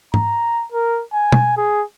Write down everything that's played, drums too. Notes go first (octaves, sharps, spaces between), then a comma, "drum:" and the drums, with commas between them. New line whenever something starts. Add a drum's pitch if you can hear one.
A#5, drum: tom
A#4
G#5
drum: tom
G#4